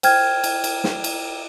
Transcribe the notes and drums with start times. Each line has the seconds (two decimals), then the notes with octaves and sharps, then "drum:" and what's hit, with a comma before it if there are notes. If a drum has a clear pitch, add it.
0.03 C5 G5 F6 G#6, drum: cymbal
0.44 drum: cymbal
0.64 drum: cymbal
0.84 drum: snare
1.04 drum: cymbal